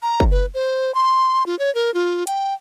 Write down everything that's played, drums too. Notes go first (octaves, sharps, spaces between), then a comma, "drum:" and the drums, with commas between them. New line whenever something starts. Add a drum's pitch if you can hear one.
A#5
drum: kick
B4
C5
C6
F4
C#5
A#4
F4
G5, drum: hi-hat